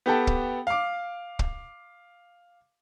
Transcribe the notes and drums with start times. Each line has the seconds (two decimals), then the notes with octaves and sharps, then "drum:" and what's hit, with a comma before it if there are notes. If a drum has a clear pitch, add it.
0.06 B3 G4 A4 F#5 G5 A5
0.27 drum: kick
0.67 F5 D6
1.39 drum: kick